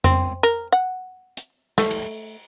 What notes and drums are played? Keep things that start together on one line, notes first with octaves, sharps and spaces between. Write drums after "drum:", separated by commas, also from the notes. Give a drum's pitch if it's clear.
C4, drum: tom F2
A#4
F#5
drum: hi-hat
A3, drum: snare
drum: cymbal